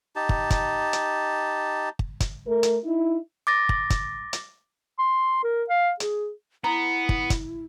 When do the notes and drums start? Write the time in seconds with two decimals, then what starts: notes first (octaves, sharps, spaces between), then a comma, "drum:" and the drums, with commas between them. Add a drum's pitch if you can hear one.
0.16 D#4 G4 A5
0.29 drum: kick
0.50 drum: kick, hi-hat
0.93 drum: hi-hat
1.99 drum: kick
2.20 drum: kick, hi-hat
2.46 A3 A#4
2.63 drum: hi-hat
2.84 D#4 E4
3.47 D6 A6 A#6
3.69 drum: kick
3.90 drum: kick, hi-hat
4.33 drum: hi-hat
4.99 C6
5.44 A#4
5.69 F5
6.00 G#4, drum: hi-hat
6.64 B3 E4 A#5
7.09 drum: kick
7.30 drum: kick, hi-hat